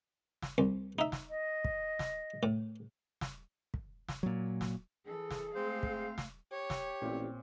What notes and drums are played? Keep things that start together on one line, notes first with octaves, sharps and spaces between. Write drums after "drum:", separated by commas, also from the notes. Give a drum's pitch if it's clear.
drum: snare
C2
D#4 E5
drum: snare
D#5
drum: kick
drum: snare
A2
drum: snare
drum: kick
drum: snare
A#2 F#3
drum: snare
E3 G#4 A4
drum: snare
G#3 A3 C4 C5 F5
drum: kick
drum: snare
G4 C#5
drum: snare
A1 A#2 C4